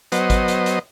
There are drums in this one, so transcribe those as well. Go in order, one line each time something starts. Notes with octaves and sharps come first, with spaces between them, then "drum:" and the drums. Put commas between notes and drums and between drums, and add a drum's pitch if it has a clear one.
F#3 B3 C5 D#5, drum: hi-hat
drum: kick G#1, hi-hat
drum: hi-hat
drum: hi-hat